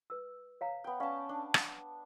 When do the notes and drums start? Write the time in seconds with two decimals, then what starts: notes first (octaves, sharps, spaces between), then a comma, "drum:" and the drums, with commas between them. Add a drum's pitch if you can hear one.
0.10 B4 E6
0.61 C#5 F5 A#5
0.84 B3 G5
1.00 C#4 D5 F5 A5
1.29 D4
1.54 drum: rim click